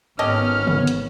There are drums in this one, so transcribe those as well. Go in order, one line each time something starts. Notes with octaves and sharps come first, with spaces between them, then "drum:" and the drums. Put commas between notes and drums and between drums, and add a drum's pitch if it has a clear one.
G#1 D#3 B3 C#4 G4 A4 D#5 F6
drum: tom
drum: hi-hat